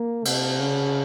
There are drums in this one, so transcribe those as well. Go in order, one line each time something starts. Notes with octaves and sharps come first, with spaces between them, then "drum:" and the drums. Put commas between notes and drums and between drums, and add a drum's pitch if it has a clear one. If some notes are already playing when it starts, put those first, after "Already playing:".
Already playing: A#3
C3, drum: cymbal
C#3